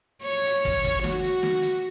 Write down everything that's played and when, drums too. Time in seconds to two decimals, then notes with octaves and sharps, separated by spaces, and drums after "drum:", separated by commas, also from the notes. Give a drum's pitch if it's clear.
0.23 C#5
0.46 drum: hi-hat
0.65 drum: kick, hi-hat
0.84 drum: kick, hi-hat
1.04 F#4, drum: snare
1.23 drum: hi-hat
1.43 drum: snare
1.62 drum: hi-hat